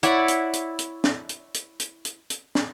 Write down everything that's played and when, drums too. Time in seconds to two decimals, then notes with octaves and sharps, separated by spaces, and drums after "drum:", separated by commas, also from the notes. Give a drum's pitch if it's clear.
0.03 E4 C#5 D5 F#5, drum: hi-hat
0.28 drum: hi-hat
0.53 drum: hi-hat
0.79 drum: hi-hat
1.04 drum: snare
1.29 drum: hi-hat
1.54 drum: hi-hat
1.80 drum: hi-hat
2.05 drum: hi-hat
2.30 drum: hi-hat
2.55 drum: snare